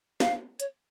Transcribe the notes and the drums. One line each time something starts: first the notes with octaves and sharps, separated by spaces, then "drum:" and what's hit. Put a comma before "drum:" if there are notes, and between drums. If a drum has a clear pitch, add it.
F5, drum: snare
C#5, drum: hi-hat